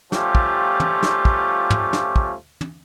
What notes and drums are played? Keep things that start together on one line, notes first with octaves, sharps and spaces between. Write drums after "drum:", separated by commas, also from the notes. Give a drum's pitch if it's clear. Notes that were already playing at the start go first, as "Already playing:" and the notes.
F3 G3 A3 C#4 F4 G4, drum: snare
drum: kick
drum: tom
drum: snare
drum: kick
drum: tom
drum: snare
drum: kick
drum: tom